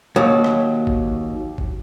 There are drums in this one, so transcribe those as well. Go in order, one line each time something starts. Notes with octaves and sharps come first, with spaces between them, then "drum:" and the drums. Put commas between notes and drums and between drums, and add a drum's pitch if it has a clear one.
D#2 F#3
drum: rim click
drum: kick G#1
drum: kick G#1